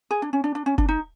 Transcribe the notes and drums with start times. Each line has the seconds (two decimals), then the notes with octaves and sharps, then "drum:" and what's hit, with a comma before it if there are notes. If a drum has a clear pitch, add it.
0.11 G#4
0.22 D4
0.33 C#4
0.44 D4
0.55 D4
0.66 C#4
0.78 D4, drum: kick F#1
0.89 D#4